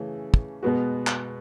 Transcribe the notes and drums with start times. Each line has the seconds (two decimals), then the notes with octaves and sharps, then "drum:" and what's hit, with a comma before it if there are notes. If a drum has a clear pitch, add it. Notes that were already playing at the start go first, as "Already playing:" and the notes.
Already playing: C#3 E3 A3 C#4
0.34 drum: kick
0.63 B2 G#3 B3 F#4
1.07 drum: clap